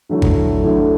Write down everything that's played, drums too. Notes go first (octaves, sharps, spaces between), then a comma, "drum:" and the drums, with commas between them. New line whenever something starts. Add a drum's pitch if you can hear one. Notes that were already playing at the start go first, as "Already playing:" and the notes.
D3 F#3 A3 E4
drum: kick G#1
D3 F#3 A3 E4